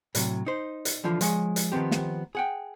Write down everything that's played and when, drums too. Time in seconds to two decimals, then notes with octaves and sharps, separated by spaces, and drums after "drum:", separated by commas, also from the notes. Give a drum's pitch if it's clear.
0.15 A2 C3 F#3, drum: hi-hat
0.46 D#4 C5
0.85 drum: hi-hat
1.04 D3 E3 F3 F4
1.21 F3 G#3 C#5, drum: hi-hat
1.56 drum: hi-hat
1.72 D#3 F3 B3 C4 G4
1.91 drum: snare
2.35 G#4 F#5 G5